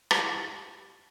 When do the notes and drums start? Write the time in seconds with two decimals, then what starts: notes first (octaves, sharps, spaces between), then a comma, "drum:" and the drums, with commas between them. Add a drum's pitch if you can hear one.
0.11 E4 F4 F#5, drum: rim click
0.33 G4